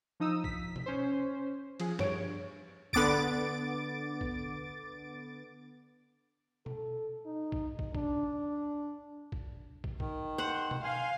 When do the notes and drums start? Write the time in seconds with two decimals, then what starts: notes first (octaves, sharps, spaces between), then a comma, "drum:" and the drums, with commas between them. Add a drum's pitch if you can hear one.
0.20 F3 D#4 D#6 E6
0.44 B6, drum: kick
0.76 drum: tom B2
0.86 C#4 C5
1.80 F3 G#4, drum: cymbal
1.99 G2 C#5 D7, drum: snare
2.93 D3 B3 D6 A6 D7, drum: kick
4.21 drum: kick
6.66 A4, drum: tom B2
7.26 D#4
7.52 drum: kick
7.79 drum: kick
7.95 D4, drum: kick
9.32 drum: kick
9.84 drum: kick
10.00 D#3, drum: kick
10.38 C5 F#5
10.71 drum: tom B2
10.84 F5 G#5 C6